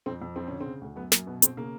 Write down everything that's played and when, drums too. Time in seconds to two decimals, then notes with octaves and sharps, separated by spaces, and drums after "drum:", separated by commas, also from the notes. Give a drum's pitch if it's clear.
0.06 F2 C4
0.22 F2
0.36 F3 C4
0.48 D3 C#4
0.60 C4
0.66 C#3
0.81 D2
0.96 F#2 B3
1.12 F#2 A#3, drum: snare
1.27 B2 B3
1.42 B2 C4, drum: hi-hat
1.57 C#3 A#3